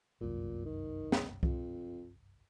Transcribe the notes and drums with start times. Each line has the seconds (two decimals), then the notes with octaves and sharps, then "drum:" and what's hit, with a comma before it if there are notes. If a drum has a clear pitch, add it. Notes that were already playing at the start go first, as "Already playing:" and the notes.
0.21 G1 C2 F#2 A#2
0.65 D#3
1.12 drum: snare
1.43 F2, drum: kick C2